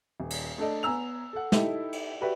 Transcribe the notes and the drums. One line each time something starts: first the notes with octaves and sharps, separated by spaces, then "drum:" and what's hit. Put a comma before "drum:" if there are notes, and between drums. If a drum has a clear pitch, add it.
D#1
drum: cymbal
A3 D4 A4 D5 D#5
B3 G#5 A#5 E6 F7
A4 F#5
D#4 E4 G4 A4 E5, drum: snare
drum: cymbal
F#4 G4 B4 D5 E5